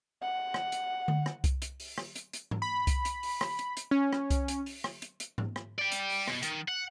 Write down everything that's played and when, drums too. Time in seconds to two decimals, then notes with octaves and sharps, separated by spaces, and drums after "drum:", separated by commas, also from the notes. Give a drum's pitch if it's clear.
0.22 F#5
0.54 drum: rim click
0.72 drum: hi-hat
1.08 drum: tom D3
1.26 drum: rim click
1.44 drum: kick C2, hi-hat
1.62 drum: hi-hat
1.80 drum: open hi-hat
1.98 drum: rim click
2.16 drum: hi-hat
2.33 drum: hi-hat
2.51 drum: tom G#2
2.62 B5
2.87 drum: kick C2, hi-hat
3.05 drum: hi-hat
3.23 drum: open hi-hat
3.41 drum: rim click
3.59 drum: hi-hat
3.77 drum: hi-hat
3.91 C#4
4.13 drum: rim click
4.30 drum: kick C2, hi-hat
4.48 drum: hi-hat
4.66 drum: open hi-hat
4.84 drum: rim click
5.02 drum: hi-hat
5.20 drum: hi-hat
5.38 drum: tom G#2
5.56 drum: rim click
5.79 D5 G5
5.92 drum: hi-hat
6.10 drum: open hi-hat
6.28 B2, drum: rim click
6.43 D#3, drum: hi-hat
6.68 F#5